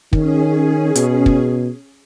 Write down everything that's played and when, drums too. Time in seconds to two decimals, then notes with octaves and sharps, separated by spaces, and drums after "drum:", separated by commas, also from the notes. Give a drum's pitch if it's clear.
0.13 D#3 C#4 G#4, drum: kick
0.95 B2, drum: hi-hat
1.26 drum: kick